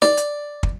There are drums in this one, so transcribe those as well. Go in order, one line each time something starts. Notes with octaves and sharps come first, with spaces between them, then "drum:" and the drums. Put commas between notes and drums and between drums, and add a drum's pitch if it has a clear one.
D5, drum: snare
drum: hi-hat
drum: kick